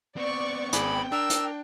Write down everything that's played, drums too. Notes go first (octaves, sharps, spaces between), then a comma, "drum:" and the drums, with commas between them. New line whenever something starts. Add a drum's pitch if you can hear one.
B3 C4 D5 C#6
G#1 G#4 D5 G5 B5, drum: hi-hat
D4 A#4 E6
drum: hi-hat